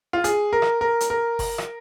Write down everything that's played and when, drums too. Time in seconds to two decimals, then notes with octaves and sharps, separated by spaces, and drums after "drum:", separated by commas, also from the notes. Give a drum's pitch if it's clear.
0.13 F4
0.24 G#4, drum: hi-hat
0.53 A#4
0.62 drum: rim click
0.81 A#4
1.00 drum: hi-hat
1.10 A#4
1.39 drum: kick G1, open hi-hat
1.58 drum: rim click